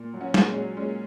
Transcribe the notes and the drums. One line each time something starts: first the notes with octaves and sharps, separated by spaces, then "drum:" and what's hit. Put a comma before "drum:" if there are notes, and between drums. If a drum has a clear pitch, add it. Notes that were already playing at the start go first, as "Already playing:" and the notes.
Already playing: A#2
F#3
C#4 F#4
A#2, drum: snare
G#3 C#4
F#3
A#2 G#3 C#4